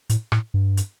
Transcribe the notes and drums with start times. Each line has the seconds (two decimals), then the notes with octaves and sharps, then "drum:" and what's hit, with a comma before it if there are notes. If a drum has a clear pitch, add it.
0.09 A2, drum: hi-hat
0.32 A2, drum: rim click
0.54 G2
0.77 drum: hi-hat